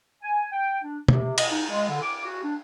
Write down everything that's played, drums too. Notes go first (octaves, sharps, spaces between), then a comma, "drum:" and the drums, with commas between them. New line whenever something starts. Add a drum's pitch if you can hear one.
G#5
G5
D4
C3, drum: tom
D#5, drum: cymbal
D#4
G#3
D3
D6
F#4
D4